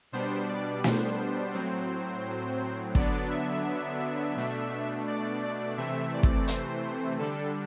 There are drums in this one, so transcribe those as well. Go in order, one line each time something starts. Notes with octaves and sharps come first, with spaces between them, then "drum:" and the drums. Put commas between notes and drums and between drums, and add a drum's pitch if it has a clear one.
B2 G3 B3 D4 C5
D5
C5, drum: snare
A2 F#3 C4
D3 F#3 B3 D4 D5, drum: kick
E5
B2 A3 D4
D5
D5
C3 E3 A3 C4 E5
D5
drum: kick
C5, drum: hi-hat
D3 G3 D4 A4